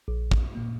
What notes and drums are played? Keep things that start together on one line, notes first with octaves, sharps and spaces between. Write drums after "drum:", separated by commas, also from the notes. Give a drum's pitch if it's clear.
A#1
drum: kick
A#2 A#3